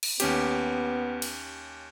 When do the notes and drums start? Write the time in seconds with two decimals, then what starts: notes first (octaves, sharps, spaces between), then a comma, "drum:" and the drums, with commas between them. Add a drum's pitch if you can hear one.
0.03 drum: cymbal
0.20 D#2 B3 C#4 G4, drum: hi-hat
1.22 drum: cymbal